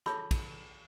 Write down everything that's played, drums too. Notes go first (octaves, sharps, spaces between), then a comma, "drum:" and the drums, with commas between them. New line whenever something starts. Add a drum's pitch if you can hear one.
G#4 A4 C#5 A5 B5 E6, drum: rim click
drum: kick, cymbal